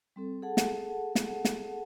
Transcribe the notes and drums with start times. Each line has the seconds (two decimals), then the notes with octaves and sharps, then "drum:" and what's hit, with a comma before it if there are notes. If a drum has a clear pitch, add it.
0.16 G3 C4 A4
0.42 G#4 A4 F#5 A5
0.57 drum: snare
1.15 drum: snare
1.45 drum: snare